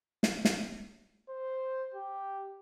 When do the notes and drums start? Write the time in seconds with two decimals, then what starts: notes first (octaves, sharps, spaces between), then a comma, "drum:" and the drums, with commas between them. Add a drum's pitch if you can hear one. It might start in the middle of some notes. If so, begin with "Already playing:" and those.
0.23 drum: snare
0.45 drum: snare
1.29 C5
1.94 G4